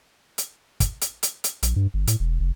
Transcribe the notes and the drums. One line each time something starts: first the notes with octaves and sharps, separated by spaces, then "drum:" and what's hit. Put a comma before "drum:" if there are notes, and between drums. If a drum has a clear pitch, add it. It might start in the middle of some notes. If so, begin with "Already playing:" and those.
drum: hi-hat
drum: kick, hi-hat
drum: hi-hat
drum: hi-hat
drum: hi-hat
A#1, drum: hi-hat
G2
G1
A2, drum: hi-hat
E1
F1